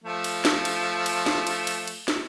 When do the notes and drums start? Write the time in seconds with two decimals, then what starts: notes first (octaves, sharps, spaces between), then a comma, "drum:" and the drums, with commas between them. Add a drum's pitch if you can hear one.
0.04 F3 A3
0.24 drum: cymbal
0.45 drum: snare
0.65 drum: cymbal
1.06 drum: cymbal
1.26 drum: snare
1.47 drum: cymbal
1.67 drum: cymbal
1.87 drum: cymbal
2.08 drum: snare